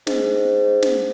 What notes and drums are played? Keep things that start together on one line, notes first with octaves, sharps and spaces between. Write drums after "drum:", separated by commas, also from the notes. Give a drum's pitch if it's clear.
G#2, drum: snare
drum: snare